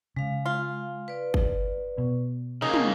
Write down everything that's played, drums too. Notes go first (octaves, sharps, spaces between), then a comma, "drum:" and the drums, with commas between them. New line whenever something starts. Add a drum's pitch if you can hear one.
C#3 G#3 F5
F4
B4 D5
drum: kick
B2
C#3 A#3 D#4 A#4
drum: tom